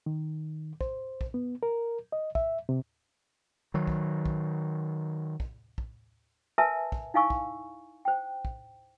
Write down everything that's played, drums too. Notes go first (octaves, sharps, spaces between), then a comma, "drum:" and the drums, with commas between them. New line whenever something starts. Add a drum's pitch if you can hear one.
D#3
C5, drum: kick
drum: kick
B3
A#4
D#5
E5, drum: kick
C3
D#3 F#3
drum: kick
drum: kick
drum: kick
drum: kick
A#4 B4 E5 G#5 A5
drum: kick
D#4 E4 F5 G#5 C#6 E6
drum: kick
C5 G5
drum: kick